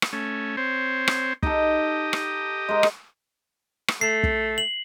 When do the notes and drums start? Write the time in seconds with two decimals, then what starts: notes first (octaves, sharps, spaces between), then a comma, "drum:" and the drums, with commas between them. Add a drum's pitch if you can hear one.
0.02 drum: rim click
0.13 A3 C#4
0.57 C4 C5 C#5
1.08 drum: rim click
1.43 D#4 G4 A4 D#5, drum: kick
2.13 drum: rim click
2.69 G#3 A#4 D6
2.83 drum: rim click
3.88 drum: rim click
4.01 A3 C7
4.23 drum: kick
4.58 F#7